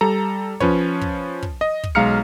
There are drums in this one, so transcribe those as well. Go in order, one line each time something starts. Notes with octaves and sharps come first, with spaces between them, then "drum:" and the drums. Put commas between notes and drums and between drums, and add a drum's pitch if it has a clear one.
G3 A4 A#5
F3 C#4 B4 C#5, drum: kick
drum: kick
drum: kick
D#5
drum: kick
B1 G#3 F5 A#5 F6 C#7